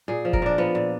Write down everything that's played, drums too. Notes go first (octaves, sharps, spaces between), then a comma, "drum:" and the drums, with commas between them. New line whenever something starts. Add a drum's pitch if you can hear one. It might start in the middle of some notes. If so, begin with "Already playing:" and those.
A#2 G#4
F3
A#4, drum: kick F1
A#2 D4
F3 B3
A#2